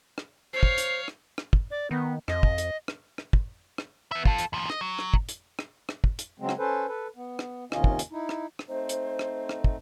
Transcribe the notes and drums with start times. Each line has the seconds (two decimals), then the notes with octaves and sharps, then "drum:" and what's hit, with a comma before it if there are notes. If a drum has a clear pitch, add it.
0.18 drum: rim click
0.54 C5 C#5 F5 C7
0.63 drum: kick
0.78 drum: hi-hat
1.08 drum: rim click
1.38 drum: rim click
1.53 drum: kick
1.71 D5
1.91 D#3 B3
2.28 F2 D#5, drum: rim click
2.43 drum: kick
2.58 drum: hi-hat
2.88 drum: rim click
3.18 drum: rim click
3.33 drum: kick
3.78 drum: rim click
4.12 B3 E5
4.25 F4 A4, drum: kick
4.38 drum: hi-hat
4.53 D#2 F3
4.70 D#5, drum: rim click
4.81 F#3
4.99 drum: rim click
5.14 drum: kick
5.29 drum: hi-hat
5.59 drum: rim click
5.89 drum: rim click
6.04 drum: kick
6.19 drum: hi-hat
6.39 C#3 F#3 G#3 C4
6.49 drum: rim click
6.59 C#4 A4 B4 C5
6.88 A4 B4
7.16 B3
7.39 drum: rim click
7.72 D#2 C3 D#3 C#4 F4 D#5, drum: rim click
7.84 drum: kick
7.99 drum: hi-hat
8.12 D#4 E4
8.29 drum: rim click
8.59 drum: rim click
8.68 A3 C4 D#4 C5
8.89 drum: hi-hat
9.19 drum: rim click
9.49 drum: rim click
9.64 drum: kick